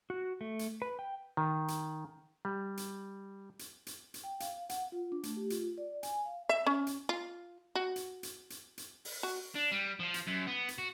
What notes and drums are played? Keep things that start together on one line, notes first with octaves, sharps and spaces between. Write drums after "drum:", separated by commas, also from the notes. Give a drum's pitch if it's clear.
F#4
A3
drum: hi-hat
B4
G5
D#3
drum: hi-hat
G3
drum: hi-hat
drum: hi-hat
drum: hi-hat
drum: hi-hat
G5
F5, drum: hi-hat
F#5, drum: hi-hat
F4
D4
A3, drum: hi-hat
G4
F4, drum: hi-hat
D5
G#5, drum: hi-hat
F5
E5
C#4
drum: hi-hat
F4
F#4
drum: hi-hat
drum: hi-hat
drum: hi-hat
drum: hi-hat
drum: open hi-hat
F#4
D4
G3
F3 F4
drum: hi-hat
F#2
B3
drum: hi-hat
F#4